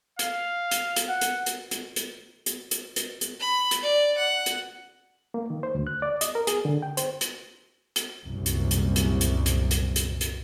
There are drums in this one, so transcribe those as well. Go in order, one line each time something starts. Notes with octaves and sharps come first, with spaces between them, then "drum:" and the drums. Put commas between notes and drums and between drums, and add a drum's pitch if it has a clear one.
F5, drum: hi-hat
drum: hi-hat
drum: hi-hat
F#5
drum: hi-hat
drum: hi-hat
drum: hi-hat
drum: hi-hat
drum: hi-hat
drum: hi-hat
drum: hi-hat
drum: hi-hat
B5
drum: hi-hat
D5
F#5
drum: hi-hat
A#3
D#3
C5
D2
F#6
D5
D#5, drum: hi-hat
A#4
G#4, drum: hi-hat
D3
G5
C5, drum: hi-hat
drum: hi-hat
drum: hi-hat
C2 F#2 A#2
drum: hi-hat
drum: hi-hat
drum: hi-hat
drum: hi-hat
drum: hi-hat
drum: hi-hat
drum: hi-hat
drum: hi-hat